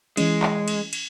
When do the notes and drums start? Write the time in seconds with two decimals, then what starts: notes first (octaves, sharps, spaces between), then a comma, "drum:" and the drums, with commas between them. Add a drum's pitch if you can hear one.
0.17 E3 G#3 C#4, drum: cymbal
0.42 drum: clap
0.68 drum: cymbal
0.93 drum: cymbal